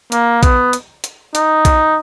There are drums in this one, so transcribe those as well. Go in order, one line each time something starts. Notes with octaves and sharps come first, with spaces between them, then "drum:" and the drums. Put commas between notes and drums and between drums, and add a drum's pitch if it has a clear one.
A#3, drum: hi-hat
B3, drum: kick A#1, hi-hat
drum: hi-hat
drum: hi-hat
D#4, drum: hi-hat
drum: kick A#1, hi-hat